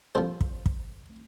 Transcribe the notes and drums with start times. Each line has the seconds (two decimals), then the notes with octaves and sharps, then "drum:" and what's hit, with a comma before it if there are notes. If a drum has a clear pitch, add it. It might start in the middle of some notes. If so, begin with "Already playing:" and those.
0.15 C2 A#2 F3 A4 C5
0.41 drum: kick
0.66 drum: kick